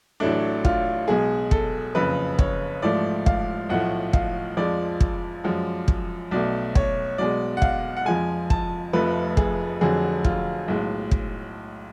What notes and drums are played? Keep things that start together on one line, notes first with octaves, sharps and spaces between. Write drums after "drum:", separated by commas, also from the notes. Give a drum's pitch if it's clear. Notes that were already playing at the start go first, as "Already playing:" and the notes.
A1 A2 F#3 A3 D4
F4, drum: kick
B1 B2 G#3 G#4
A4, drum: kick
F#1 F2 C#3 B4
C#5, drum: kick
A1 G#2 F3 A3 D5
F5, drum: kick
B1 A2 F3 A3 F#5
F5, drum: kick
F2 F3 G#3 D5
drum: kick
F#2 F3 G#3
drum: kick
B1 B2 A3 D5
C#5, drum: kick
B1 B2 G#3 D5
F#5
F5, drum: kick
F#5
F2 F3 G#3 G#5
A5, drum: kick
F1 F2 F3 A3 B4
G#4, drum: kick
F1 F2 D3 F#3 G#4
F4, drum: kick
B1 A2 G#3
drum: kick